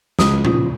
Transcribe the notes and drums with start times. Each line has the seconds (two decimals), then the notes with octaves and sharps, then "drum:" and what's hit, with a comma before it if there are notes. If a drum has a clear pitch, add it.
0.19 C#2 D#6, drum: snare
0.45 C#3 F3, drum: tom A#2